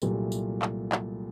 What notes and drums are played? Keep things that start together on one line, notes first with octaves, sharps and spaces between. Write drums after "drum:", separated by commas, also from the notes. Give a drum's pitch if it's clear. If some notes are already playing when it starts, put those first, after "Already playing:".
C2 A#2 F#3 A3, drum: tambourine
drum: tambourine
drum: clap
drum: clap